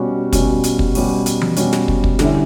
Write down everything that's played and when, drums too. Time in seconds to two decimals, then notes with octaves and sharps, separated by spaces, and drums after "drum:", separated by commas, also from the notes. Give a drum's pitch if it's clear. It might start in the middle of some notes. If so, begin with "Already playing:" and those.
Already playing: B2 G3 C#4 F#4
0.33 B2 G3 C#4 F#4, drum: kick, hi-hat
0.64 drum: hi-hat
0.79 drum: kick
0.95 B2 G3 C#4 F#4, drum: open hi-hat
1.26 drum: hi-hat
1.41 drum: tom E3
1.56 B2 G3 C#4 F#4, drum: hi-hat
1.73 drum: snare
1.88 drum: kick
2.04 drum: kick
2.19 D3 G3 C#4 E4, drum: snare